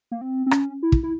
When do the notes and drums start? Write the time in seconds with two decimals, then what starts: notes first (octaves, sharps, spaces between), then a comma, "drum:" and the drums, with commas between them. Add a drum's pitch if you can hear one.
0.11 A#3
0.21 C4
0.46 C4
0.51 C#4, drum: rim click
0.83 E4
0.92 drum: kick
1.03 E4